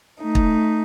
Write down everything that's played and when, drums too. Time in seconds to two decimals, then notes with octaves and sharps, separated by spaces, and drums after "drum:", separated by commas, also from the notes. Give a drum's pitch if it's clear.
0.21 A3 D#4
0.35 drum: kick